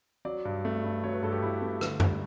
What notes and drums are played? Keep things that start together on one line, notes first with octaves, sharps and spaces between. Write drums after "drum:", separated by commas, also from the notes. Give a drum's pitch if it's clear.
F#3 D5
G2
A3
G2
F#3 C#5
B4
G2 A4
G4
G2 E4
A3
D3, drum: rim click
G3, drum: tom F#2